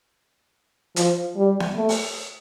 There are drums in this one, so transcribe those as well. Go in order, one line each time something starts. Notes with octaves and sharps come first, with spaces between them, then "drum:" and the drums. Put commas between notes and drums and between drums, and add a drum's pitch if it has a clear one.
F3, drum: hi-hat
G3
drum: snare B3
A3
drum: open hi-hat